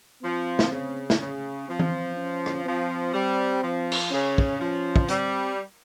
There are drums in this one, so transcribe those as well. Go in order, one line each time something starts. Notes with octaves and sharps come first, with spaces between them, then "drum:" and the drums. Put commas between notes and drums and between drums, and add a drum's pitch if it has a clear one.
F3 C4
drum: snare
C#3
drum: snare
C#3 C#4
F3 C4
drum: tom E3
C#4
drum: rim click
F3 C4
G3
F3
drum: cymbal
C#3 C#4
drum: kick
F3 C#4
drum: kick
G3 C4, drum: hi-hat